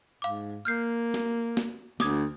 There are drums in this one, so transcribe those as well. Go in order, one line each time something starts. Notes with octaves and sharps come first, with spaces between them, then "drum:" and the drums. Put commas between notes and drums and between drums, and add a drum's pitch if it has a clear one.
G#2 F5 D6
A#3 F6 G6 C7
drum: snare
drum: snare
D2 D6 D#6 G#6, drum: snare